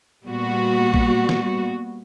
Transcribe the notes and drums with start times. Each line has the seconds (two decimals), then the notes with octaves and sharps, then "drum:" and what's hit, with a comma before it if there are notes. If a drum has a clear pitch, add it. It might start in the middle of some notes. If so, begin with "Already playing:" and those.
0.23 A#2 G3 B3 F#4
0.94 drum: kick
1.29 drum: snare